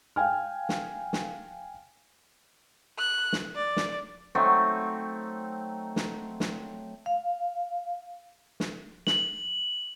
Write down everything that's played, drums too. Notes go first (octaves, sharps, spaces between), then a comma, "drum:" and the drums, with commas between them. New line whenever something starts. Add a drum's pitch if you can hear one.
F5 G5 G#5 F6
drum: snare
drum: snare
F#6
drum: snare
D5
drum: snare
F#3 A3 C4 D#4
drum: snare
drum: snare
F5
drum: snare
F#7, drum: snare